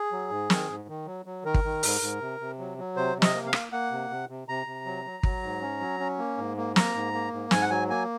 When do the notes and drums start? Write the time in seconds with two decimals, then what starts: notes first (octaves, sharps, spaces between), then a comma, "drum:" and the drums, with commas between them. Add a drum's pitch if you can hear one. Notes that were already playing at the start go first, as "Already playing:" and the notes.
Already playing: G#4
0.12 F#3
0.30 G#2
0.50 D#3, drum: snare
0.69 G#2
0.88 D#3
1.07 F#3
1.26 F#3
1.44 D#3 A#4
1.54 drum: kick
1.64 D#3
1.83 G#2, drum: open hi-hat
2.01 G#2
2.20 C3
2.40 C3
2.59 F#3
2.78 F#3
2.96 C3 C5
3.16 C3
3.22 D#5, drum: snare
3.34 A#3
3.46 F5
3.53 A#3, drum: rim click
3.72 A#3 F#5
3.91 C3
4.10 C3
4.29 C3
4.48 C3 A#5
4.66 C3
4.85 F#3
5.05 F#3
5.23 F#3, drum: kick
5.43 G#2
5.61 C#4
5.80 F#3
6.00 C#4
6.19 A#3
6.38 G#2
6.57 A#3
6.76 A#3 A#5, drum: snare
6.94 G#2
7.13 A#3
7.33 G#2
7.51 G#2 G#5, drum: snare
7.62 F#5
7.70 F#3 G#5
7.90 A#3 G#5